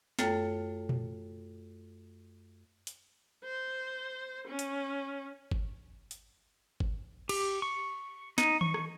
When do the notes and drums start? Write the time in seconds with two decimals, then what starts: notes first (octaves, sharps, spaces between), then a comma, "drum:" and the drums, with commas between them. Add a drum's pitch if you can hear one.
0.19 F#2 A3 F4 A4 C#5 G5, drum: snare
0.89 drum: tom A#2
2.87 drum: hi-hat
3.44 C5
4.47 C#4
4.59 drum: hi-hat
5.51 drum: kick G1
6.11 drum: hi-hat
6.80 drum: kick G1
7.29 G4, drum: cymbal
7.62 C#6
8.38 D#4, drum: snare
8.61 C#6, drum: tom D#3
8.74 drum: rim click